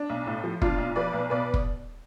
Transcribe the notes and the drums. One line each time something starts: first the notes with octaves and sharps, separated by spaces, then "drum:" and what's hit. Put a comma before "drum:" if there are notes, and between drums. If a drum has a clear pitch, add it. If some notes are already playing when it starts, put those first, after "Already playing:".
Already playing: D4
B1
A2
F3
B1 D4 F4, drum: kick
B1
F3 B4 D5
B1
B2 B4 D5
drum: kick